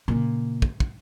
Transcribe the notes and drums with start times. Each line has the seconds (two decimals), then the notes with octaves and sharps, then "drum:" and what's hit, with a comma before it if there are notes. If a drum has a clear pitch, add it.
0.08 A#2 C#3
0.62 drum: kick
0.80 drum: kick